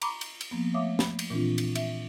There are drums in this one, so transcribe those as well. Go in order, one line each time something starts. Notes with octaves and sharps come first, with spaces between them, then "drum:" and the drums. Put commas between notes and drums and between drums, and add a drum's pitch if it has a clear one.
A#5 B5 C#6 D6, drum: cymbal
drum: cymbal
drum: cymbal
F3 A#3 B3
A3 C#5 E5 F5 D6 D#6
B5, drum: snare
drum: cymbal
A#2 E3 C4 D4 F4
drum: cymbal
E5, drum: cymbal